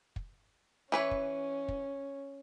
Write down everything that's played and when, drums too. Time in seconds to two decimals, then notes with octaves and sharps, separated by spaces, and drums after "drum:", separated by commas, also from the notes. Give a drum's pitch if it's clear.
0.16 drum: kick
0.92 E3 C#4 B4 C#5
1.11 drum: kick
1.68 drum: kick